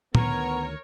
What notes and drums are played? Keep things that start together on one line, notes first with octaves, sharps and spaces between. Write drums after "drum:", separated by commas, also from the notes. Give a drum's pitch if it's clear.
D2 D#3 B3 A#4 C#5 A#5, drum: tom A#2